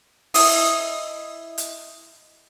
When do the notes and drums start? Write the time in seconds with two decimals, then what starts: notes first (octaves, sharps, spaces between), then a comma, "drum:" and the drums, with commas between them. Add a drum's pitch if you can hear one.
0.34 E4 D#5 D#6, drum: open hi-hat
1.58 drum: hi-hat